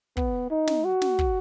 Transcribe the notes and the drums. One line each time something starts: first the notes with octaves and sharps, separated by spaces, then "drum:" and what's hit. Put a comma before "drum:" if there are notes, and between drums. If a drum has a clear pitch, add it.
B3, drum: kick
D#4
drum: snare
F#4
drum: snare
drum: kick